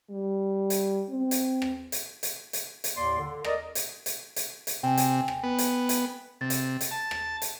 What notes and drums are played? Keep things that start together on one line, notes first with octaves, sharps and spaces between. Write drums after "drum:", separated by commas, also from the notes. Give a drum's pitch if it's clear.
G3
drum: hi-hat
C4
drum: hi-hat
drum: rim click
drum: hi-hat
drum: hi-hat
drum: hi-hat
drum: hi-hat
D#2 A2 A#3 D5 C6
D3
A#4 D5 D#5, drum: rim click
drum: hi-hat
drum: hi-hat
drum: hi-hat
drum: hi-hat
C3 G5 G#5
drum: hi-hat
drum: rim click
B3
drum: hi-hat
drum: hi-hat
C3 A6
drum: hi-hat
drum: hi-hat
A5
drum: rim click
drum: hi-hat